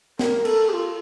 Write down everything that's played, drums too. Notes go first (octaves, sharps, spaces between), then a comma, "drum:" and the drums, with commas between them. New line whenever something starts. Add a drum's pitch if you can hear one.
A#4, drum: snare
A4, drum: cymbal
G4
F4